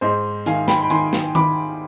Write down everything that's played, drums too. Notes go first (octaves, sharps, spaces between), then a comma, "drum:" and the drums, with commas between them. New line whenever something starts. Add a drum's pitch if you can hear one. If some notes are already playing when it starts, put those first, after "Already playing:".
G#2 C5 D#5
D#3 F5 G#5, drum: hi-hat
G5 B5, drum: snare
B5
D#3 G#5 C6, drum: hi-hat
drum: snare
D#3 B5 D6, drum: tom D#3